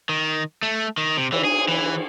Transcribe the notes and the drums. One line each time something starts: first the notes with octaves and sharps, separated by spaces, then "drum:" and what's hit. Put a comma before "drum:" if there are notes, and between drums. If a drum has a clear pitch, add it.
D#3
A3
D#3
C3
E3, drum: cymbal
G#4
E3